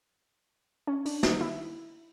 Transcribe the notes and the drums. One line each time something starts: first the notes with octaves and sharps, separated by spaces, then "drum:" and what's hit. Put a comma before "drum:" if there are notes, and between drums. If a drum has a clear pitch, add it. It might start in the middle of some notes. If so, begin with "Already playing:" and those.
C#4
D4, drum: open hi-hat
D#4, drum: snare
E4